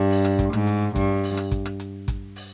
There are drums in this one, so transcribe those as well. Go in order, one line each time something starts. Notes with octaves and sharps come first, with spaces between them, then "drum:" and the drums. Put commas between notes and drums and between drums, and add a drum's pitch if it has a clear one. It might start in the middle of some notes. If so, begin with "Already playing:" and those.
Already playing: G2
drum: open hi-hat
drum: rim click
drum: kick, hi-hat
G#2, drum: rim click
drum: hi-hat
G2, drum: kick, hi-hat
drum: open hi-hat
drum: rim click
drum: kick, hi-hat
drum: rim click
drum: hi-hat
drum: kick, hi-hat
drum: open hi-hat